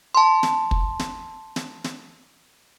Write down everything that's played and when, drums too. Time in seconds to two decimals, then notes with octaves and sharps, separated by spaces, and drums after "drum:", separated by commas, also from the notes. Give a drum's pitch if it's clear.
0.15 A5 C6
0.43 drum: snare
0.71 drum: kick
0.99 drum: snare
1.56 drum: snare
1.84 drum: snare